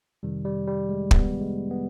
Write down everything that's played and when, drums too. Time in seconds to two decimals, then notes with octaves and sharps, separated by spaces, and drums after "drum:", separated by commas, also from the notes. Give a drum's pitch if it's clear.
0.23 F2 C3 D#3 G3
0.45 G3
0.67 G3
0.89 G#3
1.11 B3, drum: kick
1.41 G#3
1.71 B3